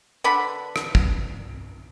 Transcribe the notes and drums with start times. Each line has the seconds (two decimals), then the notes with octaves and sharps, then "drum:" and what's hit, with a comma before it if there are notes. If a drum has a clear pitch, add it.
0.24 D3 B3 D4 B5
0.76 drum: rim click
0.95 drum: kick